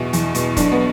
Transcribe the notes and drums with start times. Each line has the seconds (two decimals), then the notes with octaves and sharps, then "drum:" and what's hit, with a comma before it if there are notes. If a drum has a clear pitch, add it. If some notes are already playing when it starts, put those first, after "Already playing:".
Already playing: E2 B2 E4
0.13 E2, drum: hi-hat
0.35 B2, drum: hi-hat
0.57 B1 D4, drum: kick, hi-hat
0.72 B3